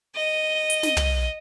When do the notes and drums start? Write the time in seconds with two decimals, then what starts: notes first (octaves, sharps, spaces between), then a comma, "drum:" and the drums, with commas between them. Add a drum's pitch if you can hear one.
0.16 D#5
0.70 drum: hi-hat
0.83 drum: snare
0.97 drum: tom